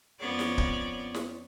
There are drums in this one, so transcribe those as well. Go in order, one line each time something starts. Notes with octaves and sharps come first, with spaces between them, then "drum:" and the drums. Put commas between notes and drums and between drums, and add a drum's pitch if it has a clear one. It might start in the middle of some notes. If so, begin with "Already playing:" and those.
F2 B3 C#4 C#5 D5
drum: snare
drum: kick D1
drum: snare